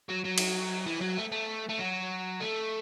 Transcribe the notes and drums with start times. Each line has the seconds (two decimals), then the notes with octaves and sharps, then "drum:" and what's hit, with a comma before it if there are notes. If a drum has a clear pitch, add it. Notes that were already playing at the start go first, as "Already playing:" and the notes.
0.09 F#3
0.24 F#3
0.38 drum: cymbal
0.87 E3
1.01 F#3
1.18 A3
1.32 A3
1.69 A3
1.78 F#3
2.40 A3